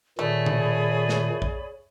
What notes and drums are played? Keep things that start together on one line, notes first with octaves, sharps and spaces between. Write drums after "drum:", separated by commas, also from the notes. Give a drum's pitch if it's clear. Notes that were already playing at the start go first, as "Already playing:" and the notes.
A#2 D#3 A3 G#4 C#5 D5 B5
drum: tom B2
drum: snare
drum: kick